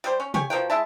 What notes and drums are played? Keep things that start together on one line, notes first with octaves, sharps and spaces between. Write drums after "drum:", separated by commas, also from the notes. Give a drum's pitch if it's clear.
G3 G4 C5
C#4
G4 C#5 G#5, drum: tom C3
B2 F3 A#4 G5
G#3 E4 E5 A5